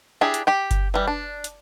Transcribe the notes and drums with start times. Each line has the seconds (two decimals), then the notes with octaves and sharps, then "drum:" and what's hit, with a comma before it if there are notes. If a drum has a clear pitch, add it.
0.21 D4 E4 G4 G#4
0.34 drum: hi-hat
0.47 G4 G5
0.71 drum: kick F#1, hi-hat
0.94 E3 G3
1.07 D4
1.44 drum: hi-hat